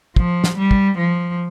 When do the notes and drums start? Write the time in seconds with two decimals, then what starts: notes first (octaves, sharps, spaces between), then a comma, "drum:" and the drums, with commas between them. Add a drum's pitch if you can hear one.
0.16 F3, drum: kick
0.44 drum: snare
0.57 G3
0.71 drum: kick
0.98 F3